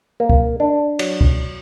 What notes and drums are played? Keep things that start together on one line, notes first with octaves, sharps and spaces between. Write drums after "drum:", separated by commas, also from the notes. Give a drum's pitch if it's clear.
A#3
drum: kick
D4
F#3, drum: cymbal
drum: kick